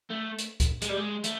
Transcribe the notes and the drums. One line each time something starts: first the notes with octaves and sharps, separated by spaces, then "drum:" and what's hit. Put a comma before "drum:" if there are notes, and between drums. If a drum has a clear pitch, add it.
A3
drum: hi-hat
drum: kick C#2, hi-hat
G#3, drum: hi-hat
G3
G#3
A3, drum: hi-hat